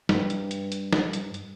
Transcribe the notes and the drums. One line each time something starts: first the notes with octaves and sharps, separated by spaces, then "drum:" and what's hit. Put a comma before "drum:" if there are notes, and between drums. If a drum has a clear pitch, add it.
G2, drum: snare
drum: hi-hat
drum: hi-hat
drum: hi-hat
drum: snare
drum: hi-hat
drum: hi-hat